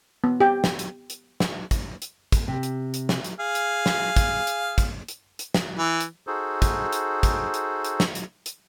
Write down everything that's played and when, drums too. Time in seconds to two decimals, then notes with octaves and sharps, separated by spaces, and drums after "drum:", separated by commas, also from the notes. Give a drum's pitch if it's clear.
0.24 B3
0.40 G4 G5
0.64 drum: snare
0.79 drum: hi-hat
1.10 drum: hi-hat
1.40 drum: snare
1.71 drum: kick, hi-hat
2.02 drum: hi-hat
2.32 drum: kick, hi-hat
2.48 C3
2.63 drum: hi-hat
2.94 drum: hi-hat
3.09 drum: snare
3.24 drum: hi-hat
3.40 G#4 F5
3.55 drum: hi-hat
3.86 drum: snare
4.16 drum: kick, hi-hat
4.47 drum: hi-hat
4.78 drum: kick, hi-hat
5.08 drum: hi-hat
5.39 drum: hi-hat
5.54 drum: snare
5.78 E3
6.00 drum: hi-hat
6.27 D#4 F#4 G#4 A4 C5
6.62 drum: kick, hi-hat
6.93 drum: hi-hat
7.23 drum: kick, hi-hat
7.54 drum: hi-hat
7.85 drum: hi-hat
8.00 drum: snare
8.15 drum: hi-hat
8.46 drum: hi-hat